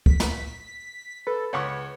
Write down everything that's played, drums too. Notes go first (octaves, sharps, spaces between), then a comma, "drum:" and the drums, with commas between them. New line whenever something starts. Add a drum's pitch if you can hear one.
B6, drum: kick
drum: snare
A4 B4
C#2 C#5 F#5 C#6